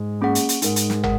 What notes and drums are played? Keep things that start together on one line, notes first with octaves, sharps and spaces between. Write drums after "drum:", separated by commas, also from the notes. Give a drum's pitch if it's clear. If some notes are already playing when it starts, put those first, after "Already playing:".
Already playing: G#2 G#3
A#3 C#4 G#4 F#5
drum: hi-hat
drum: hi-hat
G#2 G#3 D#4 A#4 F#5, drum: hi-hat
drum: hi-hat
drum: snare
A#4 F#5, drum: tom